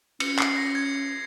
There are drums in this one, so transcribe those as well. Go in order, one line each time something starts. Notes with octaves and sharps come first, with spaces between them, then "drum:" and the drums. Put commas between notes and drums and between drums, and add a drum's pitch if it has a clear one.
C#4 C#7, drum: cymbal
C7, drum: clap
A#6
G#6